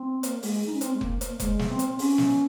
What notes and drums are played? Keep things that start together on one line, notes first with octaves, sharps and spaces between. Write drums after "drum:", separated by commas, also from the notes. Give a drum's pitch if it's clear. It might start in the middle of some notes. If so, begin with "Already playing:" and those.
Already playing: C4
A#3, drum: hi-hat
G#3, drum: open hi-hat
D#4
C#4
C4, drum: hi-hat
G#3
A#3, drum: kick F1
A#3, drum: hi-hat
G#3, drum: kick F1, hi-hat
drum: snare
C4
drum: hi-hat
C#4, drum: open hi-hat
drum: snare